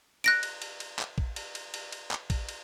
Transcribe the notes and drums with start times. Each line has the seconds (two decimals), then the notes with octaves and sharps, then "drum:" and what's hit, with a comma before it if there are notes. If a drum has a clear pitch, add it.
0.24 F#6 A#6 D7, drum: cymbal
0.43 drum: cymbal
0.62 drum: cymbal
0.80 drum: cymbal
0.99 drum: clap
1.18 drum: kick A#1
1.36 drum: cymbal
1.55 drum: cymbal
1.74 drum: cymbal
1.92 drum: cymbal
2.11 drum: clap
2.30 drum: kick A#1, cymbal
2.49 drum: cymbal